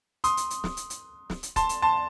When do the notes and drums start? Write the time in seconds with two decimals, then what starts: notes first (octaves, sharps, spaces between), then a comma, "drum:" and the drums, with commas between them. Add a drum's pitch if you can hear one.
0.24 C6 D#6, drum: hi-hat
0.37 drum: hi-hat
0.50 drum: hi-hat
0.64 drum: snare
0.77 drum: hi-hat
0.90 drum: hi-hat
1.30 drum: snare
1.43 drum: hi-hat
1.56 A5 C6, drum: kick, hi-hat
1.69 drum: hi-hat
1.82 A5 C6